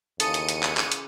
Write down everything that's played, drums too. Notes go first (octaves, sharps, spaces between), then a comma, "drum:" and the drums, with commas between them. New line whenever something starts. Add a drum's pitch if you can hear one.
D#2 C#3 E3 C#4 A4 D#6 C#7 D#7, drum: hi-hat
drum: hi-hat
drum: hi-hat
drum: clap
drum: clap
drum: hi-hat